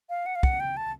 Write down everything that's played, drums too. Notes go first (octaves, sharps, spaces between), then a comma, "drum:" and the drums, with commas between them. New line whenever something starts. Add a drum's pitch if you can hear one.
F5
F#5
F5
F#5, drum: kick
G5
A5